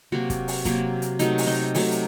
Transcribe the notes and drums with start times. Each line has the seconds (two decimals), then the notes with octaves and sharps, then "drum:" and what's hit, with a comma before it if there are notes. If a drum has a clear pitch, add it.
0.12 C3 F#3 A#3 F#4
0.30 drum: kick, hi-hat
0.48 drum: open hi-hat
0.65 C3 F#3 A#3, drum: kick, hi-hat
1.02 drum: hi-hat
1.19 C3 F#3 A3 D#4, drum: hi-hat
1.38 drum: open hi-hat
1.47 D#4
1.75 C3 F#3 A3, drum: open hi-hat
1.92 drum: hi-hat